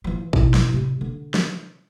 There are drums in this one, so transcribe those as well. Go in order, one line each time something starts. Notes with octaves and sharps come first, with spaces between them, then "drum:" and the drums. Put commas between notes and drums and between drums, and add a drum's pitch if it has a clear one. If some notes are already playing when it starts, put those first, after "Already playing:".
E3 F3
B2 E4, drum: kick
drum: snare
C3 G3
D3
drum: snare